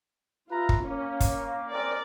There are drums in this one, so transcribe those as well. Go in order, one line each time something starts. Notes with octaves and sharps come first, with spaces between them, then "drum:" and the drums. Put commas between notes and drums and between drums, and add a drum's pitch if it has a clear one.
F4 B4 E5 A#5
drum: kick
A#3 C#4
drum: kick, hi-hat
C4 G#4 A#4 D5